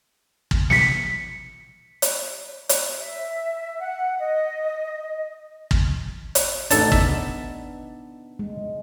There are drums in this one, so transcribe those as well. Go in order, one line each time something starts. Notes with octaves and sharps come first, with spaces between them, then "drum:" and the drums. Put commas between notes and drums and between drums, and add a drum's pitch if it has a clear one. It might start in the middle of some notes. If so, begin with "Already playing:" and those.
drum: kick
B6 C#7, drum: snare
drum: hi-hat
drum: hi-hat
E5
F#5
D#5
drum: kick
drum: hi-hat
A1 D4 D#4 A4 A5, drum: hi-hat
B3 E5, drum: kick
G#3